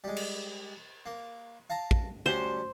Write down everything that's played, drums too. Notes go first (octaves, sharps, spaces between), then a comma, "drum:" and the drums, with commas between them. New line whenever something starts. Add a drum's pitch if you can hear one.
G3 G#3
drum: cymbal
A#3
F5 A5 A#5
drum: kick
D2 G3 C#4 C5